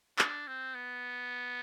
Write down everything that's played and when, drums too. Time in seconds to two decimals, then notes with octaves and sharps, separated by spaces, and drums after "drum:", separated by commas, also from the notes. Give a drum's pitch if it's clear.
0.19 D4, drum: clap
0.47 C4
0.75 B3